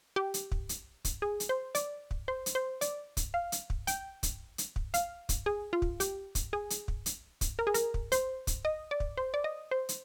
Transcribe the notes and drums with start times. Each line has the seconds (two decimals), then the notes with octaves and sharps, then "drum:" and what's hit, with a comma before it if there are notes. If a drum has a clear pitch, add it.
0.16 G4
0.34 drum: hi-hat
0.52 drum: kick
0.69 drum: hi-hat
1.05 drum: kick, hi-hat
1.22 G#4
1.40 drum: hi-hat
1.49 C5
1.75 D5, drum: hi-hat
2.11 drum: kick
2.28 C5
2.46 drum: hi-hat
2.55 C5
2.81 D5, drum: hi-hat
3.17 drum: kick, hi-hat
3.34 F5
3.52 drum: hi-hat
3.70 drum: kick
3.87 G5, drum: hi-hat
4.23 drum: kick, hi-hat
4.58 drum: hi-hat
4.76 drum: kick
4.94 F5, drum: hi-hat
5.29 drum: kick, hi-hat
5.46 G#4
5.73 F4
5.82 drum: kick
6.00 G4, drum: hi-hat
6.35 drum: kick, hi-hat
6.53 G#4
6.70 drum: hi-hat
6.88 drum: kick
7.06 drum: hi-hat
7.41 drum: kick, hi-hat
7.59 A#4
7.67 G#4
7.74 A#4, drum: hi-hat
7.94 drum: kick
8.12 C5, drum: hi-hat
8.47 drum: kick, hi-hat
8.65 D#5
8.91 D5
9.00 drum: kick
9.17 C5
9.34 D5
9.44 D#5
9.71 C5
9.89 drum: hi-hat